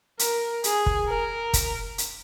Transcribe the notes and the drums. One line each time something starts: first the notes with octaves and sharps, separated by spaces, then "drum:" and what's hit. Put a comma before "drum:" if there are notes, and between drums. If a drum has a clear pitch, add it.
A#4, drum: hi-hat
G#4, drum: hi-hat
drum: kick
A#4
drum: kick, hi-hat
drum: hi-hat